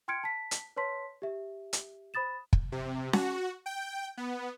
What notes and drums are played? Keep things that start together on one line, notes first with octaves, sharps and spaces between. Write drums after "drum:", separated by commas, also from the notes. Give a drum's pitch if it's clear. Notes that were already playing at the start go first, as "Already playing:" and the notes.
G5 C6 F6 G#6 C#7 D7
A5 B6
drum: hi-hat
B4 C#5 A5 C6 B6
G4 E5
drum: hi-hat
C5 B5 D#6 A6 E7
drum: kick
C3
F#4, drum: snare C#4
G5
B3